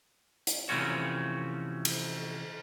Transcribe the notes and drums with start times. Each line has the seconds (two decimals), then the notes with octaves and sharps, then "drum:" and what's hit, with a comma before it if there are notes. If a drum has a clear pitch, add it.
0.47 drum: hi-hat
0.69 C3 E3 F3 A3 C#4 F#4
1.85 drum: cymbal